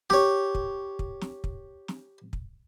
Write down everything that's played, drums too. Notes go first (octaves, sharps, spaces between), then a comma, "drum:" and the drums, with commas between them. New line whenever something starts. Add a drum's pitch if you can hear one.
G4 C#5, drum: snare
drum: kick
drum: kick
drum: snare
drum: kick
drum: snare
drum: kick